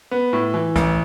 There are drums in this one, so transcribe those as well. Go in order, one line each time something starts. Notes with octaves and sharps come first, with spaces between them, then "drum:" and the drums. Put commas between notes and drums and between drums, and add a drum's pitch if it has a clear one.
B3
A2
E3
A1, drum: kick C2, hi-hat